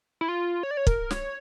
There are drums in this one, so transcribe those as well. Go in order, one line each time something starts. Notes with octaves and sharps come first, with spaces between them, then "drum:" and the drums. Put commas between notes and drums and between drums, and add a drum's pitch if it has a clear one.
E4
F4
C#5
D5
C#5
A#4, drum: kick
C#5, drum: snare